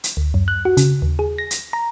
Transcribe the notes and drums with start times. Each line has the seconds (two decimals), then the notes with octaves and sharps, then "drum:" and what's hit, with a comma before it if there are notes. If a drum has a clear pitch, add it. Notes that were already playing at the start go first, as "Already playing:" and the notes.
0.04 drum: hi-hat
0.17 D2
0.34 F#2
0.48 F#6
0.65 F#4
0.77 C#3, drum: hi-hat
1.02 D#2
1.19 G#4
1.38 A#6
1.51 drum: hi-hat
1.73 A#5